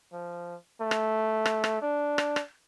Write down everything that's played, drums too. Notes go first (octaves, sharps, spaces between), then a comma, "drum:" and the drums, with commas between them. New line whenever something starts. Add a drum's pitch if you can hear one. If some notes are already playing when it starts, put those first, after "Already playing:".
F3
A3
drum: rim click
drum: rim click
drum: rim click
D4
drum: rim click
drum: rim click